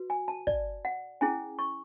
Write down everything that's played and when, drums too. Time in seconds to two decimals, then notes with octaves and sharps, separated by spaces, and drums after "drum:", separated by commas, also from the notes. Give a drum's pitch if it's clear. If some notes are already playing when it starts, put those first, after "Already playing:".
Already playing: F#4 B4
0.10 G#5
0.28 A5
0.47 D5, drum: kick
0.85 F#5
1.21 C#4 E4 G#4 G#5
1.59 C#6